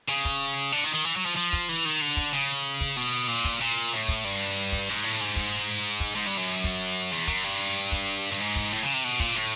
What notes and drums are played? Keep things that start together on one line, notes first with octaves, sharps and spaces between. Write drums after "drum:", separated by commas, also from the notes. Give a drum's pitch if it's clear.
C#3
drum: kick, hi-hat
D3
D#3
D#3
E3
F#3
F3
F3
drum: kick, hi-hat
E3
D#3
D3
drum: kick, hi-hat
C#3
drum: kick
B2
A#2
drum: kick, hi-hat
A#2
A2
drum: kick, hi-hat
G2
drum: kick, hi-hat
G#2
A2
G#2
drum: kick
drum: kick, hi-hat
G#2
G2
F#2
drum: kick, hi-hat
E2
F#2, drum: kick, hi-hat
G2
drum: kick
G2
G#2
drum: kick, hi-hat
A2
C#3
C3
B2
A#2, drum: kick, hi-hat
A2